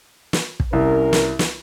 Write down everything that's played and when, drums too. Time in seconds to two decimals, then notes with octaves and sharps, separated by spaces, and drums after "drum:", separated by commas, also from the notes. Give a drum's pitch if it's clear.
0.33 drum: snare
0.60 drum: kick
0.73 C2 C#4 A#4
1.13 drum: snare
1.39 drum: snare